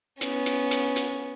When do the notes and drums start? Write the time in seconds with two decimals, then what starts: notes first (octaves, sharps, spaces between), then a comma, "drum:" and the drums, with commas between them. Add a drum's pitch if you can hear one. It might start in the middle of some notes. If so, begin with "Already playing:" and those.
0.21 B3 C#4, drum: hi-hat
0.46 drum: hi-hat
0.71 drum: hi-hat
0.96 drum: hi-hat